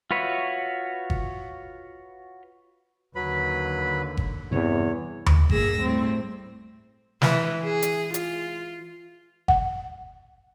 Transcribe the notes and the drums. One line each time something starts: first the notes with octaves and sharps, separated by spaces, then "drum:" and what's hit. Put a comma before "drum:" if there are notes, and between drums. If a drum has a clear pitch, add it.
F4 F#4 B4 C#5 E5
drum: kick G1
D#2 D3 F#3 B4 B5
drum: kick G1
E2 G2 C3 E3 C#5
drum: tom D#2
G2 A#2 G#4 E6 A#6, drum: kick G1
A2 G3 C4
E3, drum: snare
G#4
drum: hi-hat
F4, drum: hi-hat
F#5, drum: kick G1